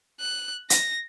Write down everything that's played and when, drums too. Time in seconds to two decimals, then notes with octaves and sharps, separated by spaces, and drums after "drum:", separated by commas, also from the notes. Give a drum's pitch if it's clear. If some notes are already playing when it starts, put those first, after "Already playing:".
0.20 F#6
0.70 A#6, drum: hi-hat